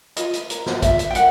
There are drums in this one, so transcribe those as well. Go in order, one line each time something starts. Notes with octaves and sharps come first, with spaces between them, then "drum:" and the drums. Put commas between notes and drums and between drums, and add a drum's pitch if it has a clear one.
F4 D#5, drum: hi-hat
drum: hi-hat
A#4, drum: hi-hat
drum: snare
F4 E5, drum: kick, hi-hat
drum: hi-hat
G5
A#4 F#5, drum: hi-hat